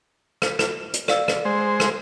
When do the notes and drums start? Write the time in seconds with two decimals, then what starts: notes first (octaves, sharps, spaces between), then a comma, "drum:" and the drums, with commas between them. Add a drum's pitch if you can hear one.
0.42 drum: rim click
0.59 drum: rim click
0.94 drum: hi-hat
1.08 D5 F5 E6, drum: rim click
1.28 drum: rim click
1.45 G#3 C5
1.80 drum: rim click